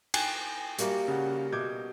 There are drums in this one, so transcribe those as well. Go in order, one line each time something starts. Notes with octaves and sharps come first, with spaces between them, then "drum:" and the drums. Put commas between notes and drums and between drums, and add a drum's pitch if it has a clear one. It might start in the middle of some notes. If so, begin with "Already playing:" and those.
G5 G#5 F#6, drum: cymbal
G3 A#3 F#4, drum: hi-hat
C#3 F#5
B2 D6 G6 G#6